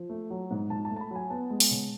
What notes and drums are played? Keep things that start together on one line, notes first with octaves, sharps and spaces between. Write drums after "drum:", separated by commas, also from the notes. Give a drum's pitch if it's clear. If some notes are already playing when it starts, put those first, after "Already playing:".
Already playing: F3
A3
F#3
G#2
G#2 A5
A5
A3
A5
B5
F#3 G#5
B3 A5
G#3
drum: open hi-hat
C#3